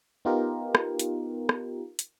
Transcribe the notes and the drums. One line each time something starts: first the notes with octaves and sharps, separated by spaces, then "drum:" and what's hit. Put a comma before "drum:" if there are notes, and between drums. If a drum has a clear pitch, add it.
B3 D#4 F4 G4 A#4
drum: rim click
drum: hi-hat
drum: rim click
drum: hi-hat